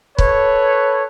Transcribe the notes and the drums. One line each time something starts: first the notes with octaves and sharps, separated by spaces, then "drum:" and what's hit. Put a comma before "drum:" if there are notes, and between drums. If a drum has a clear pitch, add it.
A4 B4 C#5, drum: kick